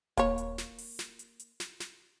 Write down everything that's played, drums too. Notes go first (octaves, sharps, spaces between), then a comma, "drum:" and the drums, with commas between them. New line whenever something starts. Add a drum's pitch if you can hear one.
A#3 C#5, drum: kick D#1, hi-hat
drum: hi-hat
drum: snare
drum: open hi-hat
drum: snare
drum: hi-hat
drum: hi-hat
drum: snare
drum: snare